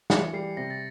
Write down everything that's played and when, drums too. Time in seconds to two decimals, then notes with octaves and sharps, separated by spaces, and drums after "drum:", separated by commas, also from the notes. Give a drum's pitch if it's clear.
0.10 E3 C#7, drum: snare
0.33 G3 C7
0.57 C3 A#6
0.70 A6